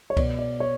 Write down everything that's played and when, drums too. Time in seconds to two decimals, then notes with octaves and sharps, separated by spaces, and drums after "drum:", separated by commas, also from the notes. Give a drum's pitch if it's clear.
0.10 C#5
0.17 B2 D5, drum: kick C2, cymbal
0.39 D5
0.60 C#5